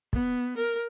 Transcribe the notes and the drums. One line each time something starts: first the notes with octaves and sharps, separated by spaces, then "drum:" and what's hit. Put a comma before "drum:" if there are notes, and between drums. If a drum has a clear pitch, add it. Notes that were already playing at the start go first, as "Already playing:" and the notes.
B3, drum: kick
A#4